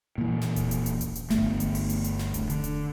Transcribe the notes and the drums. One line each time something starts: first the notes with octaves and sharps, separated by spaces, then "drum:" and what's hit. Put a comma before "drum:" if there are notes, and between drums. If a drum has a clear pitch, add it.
A#2 E3
drum: snare
drum: kick D#1, hi-hat
drum: hi-hat
drum: hi-hat
drum: kick D#1, hi-hat
drum: hi-hat
G1 A3, drum: snare
drum: hi-hat
drum: open hi-hat
drum: hi-hat
drum: hi-hat
drum: snare
drum: kick D#1, hi-hat
D3, drum: hi-hat
drum: hi-hat